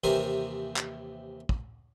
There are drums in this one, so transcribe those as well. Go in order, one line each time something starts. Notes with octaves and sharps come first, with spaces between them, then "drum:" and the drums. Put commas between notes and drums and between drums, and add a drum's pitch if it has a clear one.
D#2 C3 E3 A#4 C5 G#5
drum: clap
drum: kick